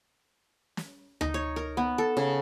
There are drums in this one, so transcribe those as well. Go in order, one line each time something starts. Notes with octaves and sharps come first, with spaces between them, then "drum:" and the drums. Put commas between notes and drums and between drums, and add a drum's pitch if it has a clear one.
drum: snare
D#4, drum: tom D2
C#5
A#4
B3
A4
C#3